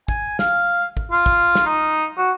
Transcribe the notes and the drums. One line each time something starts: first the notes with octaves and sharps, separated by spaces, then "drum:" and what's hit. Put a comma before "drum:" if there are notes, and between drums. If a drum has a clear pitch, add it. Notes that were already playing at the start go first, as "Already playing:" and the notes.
G#5, drum: kick
F5, drum: snare
drum: kick
F4
drum: kick
drum: snare
D#4
F#4